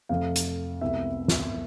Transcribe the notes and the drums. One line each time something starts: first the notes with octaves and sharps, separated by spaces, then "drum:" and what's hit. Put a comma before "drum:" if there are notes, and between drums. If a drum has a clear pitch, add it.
F2 C3 F3 A3 F5
drum: hi-hat
C2 C3 G#3 B3 E5
drum: snare